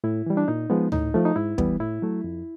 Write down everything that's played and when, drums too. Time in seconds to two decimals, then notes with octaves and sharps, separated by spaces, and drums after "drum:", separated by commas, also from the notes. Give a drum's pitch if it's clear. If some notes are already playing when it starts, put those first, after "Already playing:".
0.04 A2 E4
0.26 E3 G3
0.37 D4
0.48 A#2 D#4
0.70 F3 G#3 B3
0.92 A2 D#4, drum: tom D2
1.14 F3 A3
1.25 D#4
1.36 G#2 E4
1.58 E3 G3 B3, drum: kick
1.80 A2 E4
2.02 F#3 A3
2.24 F2